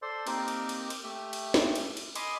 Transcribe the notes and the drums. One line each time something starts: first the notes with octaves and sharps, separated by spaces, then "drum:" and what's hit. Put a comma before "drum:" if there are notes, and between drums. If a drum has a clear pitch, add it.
A4 C5 D5 C6
A#3 C4 D#4 G4 A#4, drum: cymbal
drum: cymbal
drum: cymbal
drum: cymbal
A3 G4 E5
drum: cymbal
drum: snare
drum: cymbal
drum: cymbal
D#5 G#5 B5 C6 D6 D#6, drum: cymbal